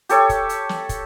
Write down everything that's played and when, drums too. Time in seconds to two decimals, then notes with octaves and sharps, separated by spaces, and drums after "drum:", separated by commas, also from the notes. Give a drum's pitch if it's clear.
0.09 G4 A4 C#5, drum: hi-hat
0.29 drum: kick, hi-hat
0.49 drum: hi-hat
0.69 drum: snare
0.89 drum: kick, hi-hat